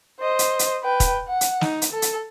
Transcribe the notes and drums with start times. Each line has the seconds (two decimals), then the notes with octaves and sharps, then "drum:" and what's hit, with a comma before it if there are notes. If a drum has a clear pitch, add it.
0.20 C5 D#5
0.39 drum: hi-hat
0.59 drum: hi-hat
0.83 B4 G5
1.00 drum: kick, hi-hat
1.28 F#5
1.41 drum: hi-hat
1.61 D#4, drum: snare
1.82 drum: hi-hat
1.93 A4
2.02 drum: hi-hat